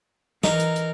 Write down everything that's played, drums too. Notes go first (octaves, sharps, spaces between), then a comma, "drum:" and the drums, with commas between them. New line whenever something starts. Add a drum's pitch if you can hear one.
E3 D#4 A#4, drum: snare
drum: hi-hat
drum: hi-hat